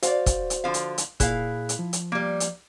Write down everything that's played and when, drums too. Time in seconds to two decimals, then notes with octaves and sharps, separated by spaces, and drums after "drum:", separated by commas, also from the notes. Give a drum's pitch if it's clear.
0.03 F#4 C5 D5 F5, drum: hi-hat
0.26 drum: kick, hi-hat
0.50 drum: hi-hat
0.64 D3 F3 F5
0.74 drum: hi-hat
0.98 drum: hi-hat
1.20 A#2 E4 G#4 F5 F#6, drum: kick, hi-hat
1.69 drum: hi-hat
1.79 F3
1.93 drum: hi-hat
2.12 G3 A#3
2.40 drum: hi-hat